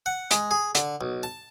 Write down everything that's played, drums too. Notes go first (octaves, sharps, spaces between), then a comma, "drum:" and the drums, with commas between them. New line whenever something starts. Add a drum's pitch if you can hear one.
F#5
G#3, drum: hi-hat
G#4
D3, drum: hi-hat
B1
A5